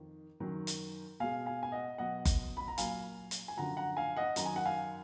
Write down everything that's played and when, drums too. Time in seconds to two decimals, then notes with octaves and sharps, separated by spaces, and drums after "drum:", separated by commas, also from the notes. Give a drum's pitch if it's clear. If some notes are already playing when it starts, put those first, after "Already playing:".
Already playing: F2 D#3
0.40 F#2 D#3 F#3
0.67 drum: hi-hat
1.20 B2 G#3 F5 G#5
1.46 F5 G#5
1.63 G#5
1.72 D#5 F#5
1.98 B2 F#3 D#5 F#5
2.25 drum: kick F#1, hi-hat
2.57 B5
2.68 A#5
2.78 A#2 F#3 F5 G#5, drum: hi-hat
3.31 drum: hi-hat
3.48 G#5
3.57 F#2 D3 F3 F#5 A#5
3.77 F#5 A#5
3.97 F5 G#5
4.17 D#5 F#5
4.36 F#2 D#3 F#3 A#5, drum: hi-hat
4.46 G#5
4.56 F#5
4.65 F5 G#5